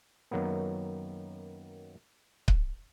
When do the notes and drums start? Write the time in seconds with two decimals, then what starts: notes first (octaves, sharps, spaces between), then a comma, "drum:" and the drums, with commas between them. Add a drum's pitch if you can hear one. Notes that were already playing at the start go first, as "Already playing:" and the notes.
0.31 F#2 D#3 F#3 A#3 B3
2.48 drum: kick C#1